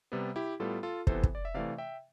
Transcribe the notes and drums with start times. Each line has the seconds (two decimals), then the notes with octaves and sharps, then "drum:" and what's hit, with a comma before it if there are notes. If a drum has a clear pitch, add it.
0.12 C3 G3 B3
0.36 E4 G4
0.60 A2 G3 B3 F4 A4
0.83 F4 A4
1.07 C3 E3 B3 A4 C5, drum: kick
1.23 drum: kick
1.35 D5
1.45 E5
1.54 C3 E3 A3 D5 F5
1.78 E5 G5